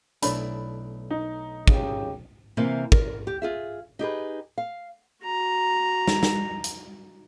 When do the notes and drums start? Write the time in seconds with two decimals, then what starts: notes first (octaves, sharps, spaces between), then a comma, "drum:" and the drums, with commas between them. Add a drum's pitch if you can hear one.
0.22 B1 A3 D4 E4 C#5 B5, drum: hi-hat
1.10 D#4
1.67 G#1 C#3 G4, drum: kick
2.57 C3 E3 A#3 C4
2.92 A#4, drum: kick
3.27 G4
3.42 F4 G#4 E5
3.99 D#4 G4 G#4 B4
4.58 F5
5.24 F#4 A#5
6.07 drum: snare
6.23 drum: snare
6.64 drum: hi-hat